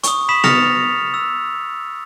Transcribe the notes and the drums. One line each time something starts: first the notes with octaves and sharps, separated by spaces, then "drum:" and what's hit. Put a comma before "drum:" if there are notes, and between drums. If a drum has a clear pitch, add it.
C#6 D#6, drum: hi-hat
B5 D#6 B6 E7
D#6 F6 A6 A#6 C#7 F7, drum: snare B3
E6